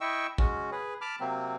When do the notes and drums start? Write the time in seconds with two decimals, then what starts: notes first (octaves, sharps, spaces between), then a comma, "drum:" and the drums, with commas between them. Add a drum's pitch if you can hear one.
0.01 E4 D#5 E5 G5 C#6 E6
0.38 G#3 C#4 F#4, drum: kick A1
0.72 G#4 B4
1.01 A5 B5 D6 F6
1.20 C3 F#3 A#3 C4